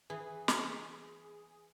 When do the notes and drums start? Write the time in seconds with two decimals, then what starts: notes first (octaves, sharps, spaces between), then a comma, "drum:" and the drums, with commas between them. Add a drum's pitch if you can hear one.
0.10 E3 G#4
0.48 drum: snare